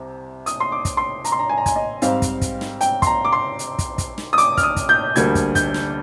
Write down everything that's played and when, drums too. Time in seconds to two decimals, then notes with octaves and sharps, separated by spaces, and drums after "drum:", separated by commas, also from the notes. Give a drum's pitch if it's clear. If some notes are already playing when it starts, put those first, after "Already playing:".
Already playing: C2 C3
0.46 D#6, drum: hi-hat
0.60 C6
0.72 D6
0.85 drum: kick, hi-hat
0.97 C6
1.24 A#5, drum: hi-hat
1.32 C6
1.39 A#5
1.49 G#5
1.58 A#5
1.66 G#5, drum: kick, hi-hat
1.76 D#5
2.02 G#2 G3 C4 F5, drum: hi-hat
2.22 drum: kick, hi-hat
2.41 drum: kick, hi-hat
2.61 drum: snare
2.81 G5, drum: hi-hat
3.02 C6, drum: kick, hi-hat
3.06 A#5
3.25 D6
3.32 C6
3.59 drum: hi-hat
3.79 drum: kick, hi-hat
3.98 drum: kick, hi-hat
4.18 drum: snare
4.33 D#6
4.38 D6, drum: hi-hat
4.57 F6, drum: kick, hi-hat
4.63 D#6
4.76 drum: kick, hi-hat
4.89 G6
5.16 D2 D3 G3 A#3 G#6, drum: hi-hat
5.35 drum: kick, hi-hat
5.55 G6, drum: kick, hi-hat
5.74 drum: snare